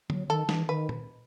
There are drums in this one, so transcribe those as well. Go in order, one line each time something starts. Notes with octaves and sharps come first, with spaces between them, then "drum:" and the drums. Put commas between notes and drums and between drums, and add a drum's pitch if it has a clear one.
F#3, drum: tom
D#3 A4
E3, drum: snare
D#3 B4
drum: tom